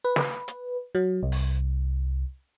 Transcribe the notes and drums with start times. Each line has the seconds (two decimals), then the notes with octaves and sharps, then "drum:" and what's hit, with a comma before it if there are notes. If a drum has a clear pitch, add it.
0.04 B4
0.16 drum: snare
0.48 drum: hi-hat
0.95 F#3
1.23 C2
1.32 drum: open hi-hat